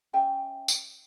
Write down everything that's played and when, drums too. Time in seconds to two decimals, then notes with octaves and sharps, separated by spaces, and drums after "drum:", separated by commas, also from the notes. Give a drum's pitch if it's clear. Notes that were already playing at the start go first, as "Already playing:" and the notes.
0.13 C#4 E5 G5 G#5
0.68 drum: tambourine